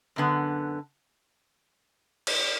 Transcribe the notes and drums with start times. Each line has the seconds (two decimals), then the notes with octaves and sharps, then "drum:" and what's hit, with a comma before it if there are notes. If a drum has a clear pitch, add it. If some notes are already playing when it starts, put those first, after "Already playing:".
0.16 F#2 D3 B3
2.27 drum: cymbal